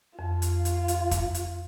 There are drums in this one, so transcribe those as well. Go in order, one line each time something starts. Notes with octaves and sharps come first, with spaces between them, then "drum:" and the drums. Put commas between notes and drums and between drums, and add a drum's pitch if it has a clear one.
F2 F4
drum: hi-hat
drum: hi-hat
drum: hi-hat
drum: kick, hi-hat
drum: hi-hat